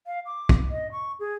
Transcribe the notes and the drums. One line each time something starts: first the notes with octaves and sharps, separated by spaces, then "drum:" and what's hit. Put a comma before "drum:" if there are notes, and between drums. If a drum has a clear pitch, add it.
F5
D6
drum: kick
D#5
C#6
G#4